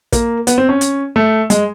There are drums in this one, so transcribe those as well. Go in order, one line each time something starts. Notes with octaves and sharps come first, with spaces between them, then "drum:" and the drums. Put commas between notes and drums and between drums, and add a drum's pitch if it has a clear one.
A#3, drum: kick, hi-hat
B3, drum: hi-hat
C4
C#4
drum: hi-hat
A3
G#3, drum: hi-hat